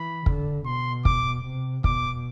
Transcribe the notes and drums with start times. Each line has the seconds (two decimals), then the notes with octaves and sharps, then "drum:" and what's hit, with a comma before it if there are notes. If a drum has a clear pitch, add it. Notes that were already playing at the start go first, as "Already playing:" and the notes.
Already playing: E3 B5
0.26 D3, drum: kick
0.65 B2 C6
1.05 D6, drum: kick
1.44 C3
1.84 B2 D6, drum: kick